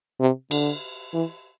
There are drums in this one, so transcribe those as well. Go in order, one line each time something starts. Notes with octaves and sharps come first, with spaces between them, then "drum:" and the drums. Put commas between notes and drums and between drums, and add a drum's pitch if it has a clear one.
C3
D3, drum: cymbal
E3